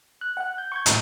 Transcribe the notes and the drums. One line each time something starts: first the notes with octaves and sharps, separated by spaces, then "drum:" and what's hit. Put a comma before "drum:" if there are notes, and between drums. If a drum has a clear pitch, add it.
F#6
F#5 F#6
G6
C#6 G6 G#6
A2, drum: hi-hat